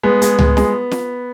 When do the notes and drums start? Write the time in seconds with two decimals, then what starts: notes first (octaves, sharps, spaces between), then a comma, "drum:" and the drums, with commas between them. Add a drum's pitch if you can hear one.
0.03 G#3 B3
0.22 G#3, drum: hi-hat
0.39 G#3, drum: tom C#2
0.57 G#3, drum: snare
0.91 drum: snare